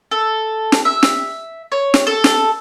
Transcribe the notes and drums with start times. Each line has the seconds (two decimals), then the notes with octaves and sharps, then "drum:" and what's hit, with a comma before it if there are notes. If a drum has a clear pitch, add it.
0.11 A4
0.72 drum: snare
0.85 E5
1.03 drum: snare
1.72 C#5
1.94 drum: snare
2.07 A4
2.24 drum: snare